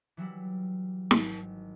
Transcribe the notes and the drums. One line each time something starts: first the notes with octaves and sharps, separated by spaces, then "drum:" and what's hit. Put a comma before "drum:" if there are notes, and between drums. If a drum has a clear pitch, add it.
E3 F#3 G3 E4
G#1, drum: snare